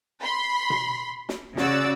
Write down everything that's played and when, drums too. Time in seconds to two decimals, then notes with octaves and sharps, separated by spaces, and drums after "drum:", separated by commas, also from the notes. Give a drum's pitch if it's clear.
0.22 B5 C6
0.70 drum: tom B2
1.29 drum: snare
1.57 C#3 F#4 D5 E6, drum: snare